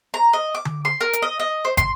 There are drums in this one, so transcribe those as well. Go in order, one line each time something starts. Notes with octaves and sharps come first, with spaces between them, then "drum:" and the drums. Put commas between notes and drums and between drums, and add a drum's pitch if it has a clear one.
A#5
D#5
D6
drum: tom D3
C6
A#4
drum: hi-hat
D#5
D#5
C5
C6, drum: kick, hi-hat